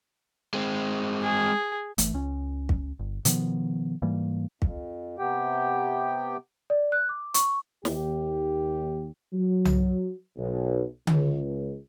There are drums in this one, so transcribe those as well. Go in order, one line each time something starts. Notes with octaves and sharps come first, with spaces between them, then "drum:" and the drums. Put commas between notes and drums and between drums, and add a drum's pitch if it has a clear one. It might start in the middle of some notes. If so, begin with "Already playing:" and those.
G#3 C4
G#4
G1 E3 A3, drum: hi-hat
C#2 C#4
drum: kick
G1
B2 D#3 F3 B3, drum: hi-hat
G#2 E3 G3 A#3
F2, drum: kick
C3 B3 G4 G5
D5
F#6
D6
C#6, drum: hi-hat
D#2 G4, drum: snare
F#3
drum: tom C2
B1
C#2, drum: tom D3